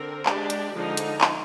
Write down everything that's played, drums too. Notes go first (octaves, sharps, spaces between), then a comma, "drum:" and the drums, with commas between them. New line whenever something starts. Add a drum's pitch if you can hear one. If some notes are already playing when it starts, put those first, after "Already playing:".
Already playing: D3 C4 A#4
G#3 D4 G4 D5, drum: clap
drum: hi-hat
D3 F3 G#3 D#4
drum: hi-hat
drum: clap